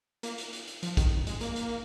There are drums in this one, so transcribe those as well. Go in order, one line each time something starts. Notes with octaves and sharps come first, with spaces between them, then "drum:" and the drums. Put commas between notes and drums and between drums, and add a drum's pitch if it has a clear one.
A#3, drum: hi-hat
drum: hi-hat
drum: hi-hat
drum: hi-hat
F3, drum: hi-hat
D#3, drum: kick A#1, hi-hat
G#3, drum: hi-hat
A#3, drum: hi-hat
drum: hi-hat